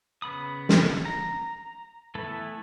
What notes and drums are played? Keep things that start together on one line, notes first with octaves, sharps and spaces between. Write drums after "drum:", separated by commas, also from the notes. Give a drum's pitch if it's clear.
C#3 B3 B5 D#6
drum: snare
A#5
E3 A3 B3 E4 A4